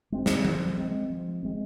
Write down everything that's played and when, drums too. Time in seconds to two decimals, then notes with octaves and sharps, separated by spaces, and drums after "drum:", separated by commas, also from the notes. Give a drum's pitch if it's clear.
0.12 G#3 C4
0.26 drum: snare
0.45 F3, drum: tom F#3
0.78 G#3 C4
1.10 F3
1.43 G#3 C4